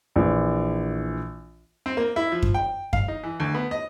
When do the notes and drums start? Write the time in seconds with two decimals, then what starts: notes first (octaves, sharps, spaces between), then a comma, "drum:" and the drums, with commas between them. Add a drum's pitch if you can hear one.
0.16 A#1 E3
1.86 C4
1.97 A#3
2.16 E4
2.32 F3
2.42 drum: kick F#2
2.54 G5
2.93 F5, drum: kick F#2
3.08 D#4
3.23 E3
3.40 D2
3.54 B3
3.71 D#5